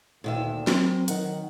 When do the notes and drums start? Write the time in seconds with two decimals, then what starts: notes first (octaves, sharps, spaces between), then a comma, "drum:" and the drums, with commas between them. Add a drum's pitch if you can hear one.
0.24 D2 A#2 D#3 E5
0.67 F#3 C4 A#4, drum: snare
1.08 D#3 F#5, drum: hi-hat